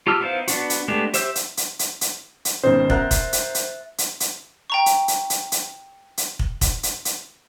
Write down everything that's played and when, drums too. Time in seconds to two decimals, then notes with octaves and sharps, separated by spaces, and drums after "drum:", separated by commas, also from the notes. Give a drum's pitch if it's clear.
0.07 F4 G4 A5 E6 F6
0.21 B3 D#4 E4 C5 F5
0.48 B3 D4 F#4, drum: hi-hat
0.70 drum: hi-hat
0.88 G#3 A3 B3 D4 G4
1.14 G4 C5 E5 E6 G6, drum: hi-hat
1.35 drum: hi-hat
1.57 drum: hi-hat
1.79 drum: hi-hat
2.01 drum: hi-hat
2.45 drum: hi-hat
2.63 G#1 B2 D#3 B3 C#4 C5
2.90 A#4 E5 F#5 A#5 F#6 A6, drum: kick
3.11 drum: kick, hi-hat
3.33 drum: hi-hat
3.55 drum: hi-hat
3.98 drum: hi-hat
4.20 drum: hi-hat
4.70 G5 A#5 C#6
4.86 drum: hi-hat
5.08 drum: hi-hat
5.30 drum: hi-hat
5.52 drum: hi-hat
6.17 drum: hi-hat
6.39 drum: kick
6.61 drum: kick, hi-hat
6.83 drum: hi-hat
7.05 drum: hi-hat